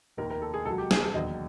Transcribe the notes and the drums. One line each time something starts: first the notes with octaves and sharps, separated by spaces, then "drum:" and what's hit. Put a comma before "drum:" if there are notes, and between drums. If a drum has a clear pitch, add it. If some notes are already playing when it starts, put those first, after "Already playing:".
F1 D#2 D#3 A#4
A#4
A4
G#4
C#2 B2 F#3 A4
G4
G#4, drum: snare
A4
E1 D#2 D3 F#3 D#5